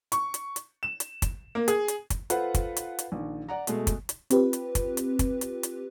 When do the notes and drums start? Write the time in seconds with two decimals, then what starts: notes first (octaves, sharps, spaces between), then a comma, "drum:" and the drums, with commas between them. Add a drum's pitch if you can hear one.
0.12 C#6, drum: hi-hat
0.34 drum: hi-hat
0.56 drum: hi-hat
0.83 E7
1.00 drum: hi-hat
1.22 drum: kick, hi-hat
1.55 A#3
1.68 G#4, drum: hi-hat
1.88 drum: hi-hat
2.10 drum: kick, hi-hat
2.30 F4 A4 B4 C5 F#5, drum: hi-hat
2.54 drum: kick, hi-hat
2.77 drum: hi-hat
2.99 drum: hi-hat
3.12 A#1 D#3
3.49 D5 F#5 A#5
3.67 B2 G#3 A3, drum: hi-hat
3.87 drum: kick, hi-hat
4.09 drum: hi-hat
4.31 C4 F4 G4 B4, drum: hi-hat
4.53 drum: hi-hat
4.75 drum: kick, hi-hat
4.97 drum: hi-hat
5.19 drum: kick, hi-hat
5.41 drum: hi-hat
5.63 drum: hi-hat